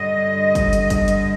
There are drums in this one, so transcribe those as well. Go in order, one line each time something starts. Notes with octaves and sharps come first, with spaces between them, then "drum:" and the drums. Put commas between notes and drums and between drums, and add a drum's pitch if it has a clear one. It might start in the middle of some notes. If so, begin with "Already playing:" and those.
Already playing: G2 D3 G3 D#5
drum: kick, hi-hat
drum: hi-hat
drum: kick, hi-hat
drum: hi-hat